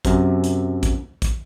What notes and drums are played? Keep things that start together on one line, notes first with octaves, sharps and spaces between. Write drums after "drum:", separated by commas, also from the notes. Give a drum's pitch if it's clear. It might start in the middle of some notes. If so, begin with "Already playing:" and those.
F#2 C3, drum: kick, hi-hat
drum: hi-hat
drum: kick, hi-hat
drum: kick, hi-hat